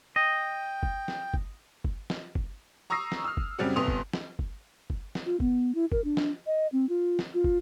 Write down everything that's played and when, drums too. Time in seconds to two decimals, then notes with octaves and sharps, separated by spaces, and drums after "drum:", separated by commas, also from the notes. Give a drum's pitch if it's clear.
0.16 D#5 G5
0.83 drum: kick
1.08 drum: snare
1.34 drum: kick
1.84 drum: kick
2.10 drum: snare
2.35 drum: kick
2.90 A#5 C#6 D#6 E6 A#6 C7
3.12 drum: snare
3.24 E6 F6
3.37 drum: kick
3.58 F#2 C#3 G3 C4 F#4
3.76 G1 C3 B3 C6 D#6 F7
3.88 drum: kick
4.13 drum: snare
4.39 drum: kick
4.90 drum: kick
5.15 drum: snare
5.26 F4
5.40 B3, drum: kick
5.75 E4
5.92 A#4, drum: kick
6.04 D4
6.17 drum: snare
6.46 D#5
6.72 C4
6.89 F4
7.19 drum: snare
7.34 F4
7.44 drum: kick